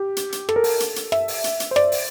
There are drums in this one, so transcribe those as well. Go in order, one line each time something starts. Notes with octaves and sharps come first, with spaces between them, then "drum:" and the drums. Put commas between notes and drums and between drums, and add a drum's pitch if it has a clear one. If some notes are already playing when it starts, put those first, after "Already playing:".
Already playing: G4
drum: hi-hat
drum: hi-hat
A4, drum: rim click
A#4
A4, drum: open hi-hat
drum: hi-hat
drum: hi-hat
E5, drum: rim click
drum: open hi-hat
drum: hi-hat
drum: hi-hat
C5
D5, drum: rim click
drum: open hi-hat